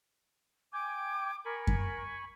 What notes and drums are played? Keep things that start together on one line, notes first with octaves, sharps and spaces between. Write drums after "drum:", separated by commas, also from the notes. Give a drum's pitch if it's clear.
G5 G#5 D6
A#4 G#5 B5 C#6
drum: kick F#2